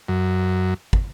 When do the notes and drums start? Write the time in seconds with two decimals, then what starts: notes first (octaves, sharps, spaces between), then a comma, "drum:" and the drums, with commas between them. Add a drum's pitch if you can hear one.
0.08 F#2
0.93 drum: kick